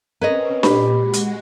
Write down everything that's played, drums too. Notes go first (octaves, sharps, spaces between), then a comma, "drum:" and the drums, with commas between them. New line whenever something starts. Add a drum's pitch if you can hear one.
C4 C#4 A#4 B4 C#5 D#5
A#2 G4 B5, drum: snare D4
G#3 F#4
drum: hi-hat